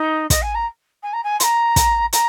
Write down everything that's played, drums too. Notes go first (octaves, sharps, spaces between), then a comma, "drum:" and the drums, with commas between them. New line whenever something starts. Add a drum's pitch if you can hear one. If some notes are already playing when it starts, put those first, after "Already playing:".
Already playing: D#4
D#5, drum: kick, hi-hat
G#5
A#5
G#5
A#5
G#5
C6, drum: hi-hat
A#5
drum: kick, hi-hat
A#5, drum: hi-hat